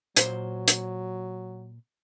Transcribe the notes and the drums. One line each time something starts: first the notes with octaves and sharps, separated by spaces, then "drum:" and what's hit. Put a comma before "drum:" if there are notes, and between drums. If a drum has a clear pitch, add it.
A#2 F#3 C5, drum: hi-hat
drum: hi-hat